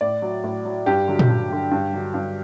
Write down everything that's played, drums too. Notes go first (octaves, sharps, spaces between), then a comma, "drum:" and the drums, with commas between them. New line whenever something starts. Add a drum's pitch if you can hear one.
A2 D5
F#3
A2
F#3
G2 G4
D3 F#3
drum: tom A#2
G2
D3 F#3
G2
D3 F#3
G2